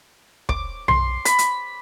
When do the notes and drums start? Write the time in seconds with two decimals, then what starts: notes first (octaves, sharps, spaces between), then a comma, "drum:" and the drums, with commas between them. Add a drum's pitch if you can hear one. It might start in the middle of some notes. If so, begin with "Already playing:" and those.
0.49 D6, drum: kick
0.88 C6, drum: tom B1
1.25 B5, drum: hi-hat
1.39 drum: hi-hat